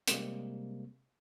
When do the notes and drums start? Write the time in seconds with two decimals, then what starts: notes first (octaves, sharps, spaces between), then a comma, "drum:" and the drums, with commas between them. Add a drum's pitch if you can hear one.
0.08 C3 G3 G#3 A#3 C4, drum: hi-hat